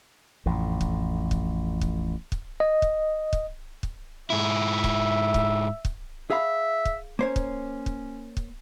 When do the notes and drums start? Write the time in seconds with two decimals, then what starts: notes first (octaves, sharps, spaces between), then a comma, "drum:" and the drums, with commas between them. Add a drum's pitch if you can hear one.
0.46 A1 F2 A2
0.81 drum: kick
1.31 drum: kick
1.81 drum: kick
2.32 drum: kick
2.60 D#5
2.82 drum: kick
3.33 drum: kick
3.83 drum: kick
4.30 G#2 E4 E5
4.84 drum: kick
5.34 drum: kick
5.85 drum: kick
6.30 G#4 E5 F5 B5
6.85 drum: kick
7.19 A#3 C#4 C5 C#5
7.36 drum: kick
7.86 drum: kick
8.37 drum: kick